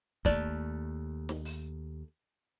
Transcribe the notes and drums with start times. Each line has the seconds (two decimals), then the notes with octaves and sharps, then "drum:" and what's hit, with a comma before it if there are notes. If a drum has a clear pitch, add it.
0.25 D#2 A3 D5, drum: kick C#1
1.29 drum: snare
1.45 drum: open hi-hat